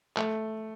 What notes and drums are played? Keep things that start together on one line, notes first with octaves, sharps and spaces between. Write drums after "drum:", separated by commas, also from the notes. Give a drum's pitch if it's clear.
A3, drum: clap